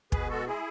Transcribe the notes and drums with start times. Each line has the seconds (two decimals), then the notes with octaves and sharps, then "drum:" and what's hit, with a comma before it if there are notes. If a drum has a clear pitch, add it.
0.12 B2 G#4 B4, drum: kick
0.29 G#3 F#4 A4
0.47 G#3 E4 G#4